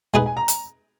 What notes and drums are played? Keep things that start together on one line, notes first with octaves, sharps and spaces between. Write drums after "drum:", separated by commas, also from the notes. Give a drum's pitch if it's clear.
G#3 D#4 G#4 B4 G#5
G#5
A#5
drum: hi-hat